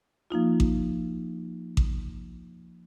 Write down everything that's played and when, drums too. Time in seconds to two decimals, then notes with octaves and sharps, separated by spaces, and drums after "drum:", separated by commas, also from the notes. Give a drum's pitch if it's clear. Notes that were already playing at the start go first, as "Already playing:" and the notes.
0.30 F3 A#3 D#4 F4
0.60 drum: kick A1
1.77 drum: kick A1